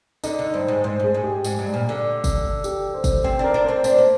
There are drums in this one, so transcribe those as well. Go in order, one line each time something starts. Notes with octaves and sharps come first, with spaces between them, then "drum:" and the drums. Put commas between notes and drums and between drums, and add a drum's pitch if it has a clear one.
D3 D#4, drum: tambourine
D3
G2 C5
G#2
G#2 C5
G#2 G#4
G#2
G4
G#2, drum: tambourine
G2
A#2
D3
drum: kick, tambourine
G4, drum: tambourine
C5
drum: kick, tambourine
C4 C5
D4 A#4
D4
C4 C5
D4 C5, drum: tambourine
A#3